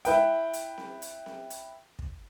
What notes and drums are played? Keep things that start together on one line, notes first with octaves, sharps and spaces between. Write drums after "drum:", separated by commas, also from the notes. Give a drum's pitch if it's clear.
E4 B4 G5, drum: hi-hat
drum: hi-hat
drum: snare C4
drum: hi-hat
drum: snare C4
drum: hi-hat
drum: kick